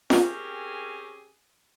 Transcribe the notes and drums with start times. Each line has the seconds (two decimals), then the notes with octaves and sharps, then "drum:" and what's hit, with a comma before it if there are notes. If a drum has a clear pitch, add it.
0.10 C4 C#4 G4 G#4 A#4, drum: snare F4